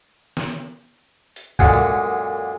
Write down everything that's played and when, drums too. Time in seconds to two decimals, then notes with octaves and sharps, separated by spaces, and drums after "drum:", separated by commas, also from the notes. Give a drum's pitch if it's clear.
0.37 drum: snare
1.36 drum: hi-hat
1.59 F#2 A#2 D3 G#3 C#4, drum: kick
1.74 drum: tom A2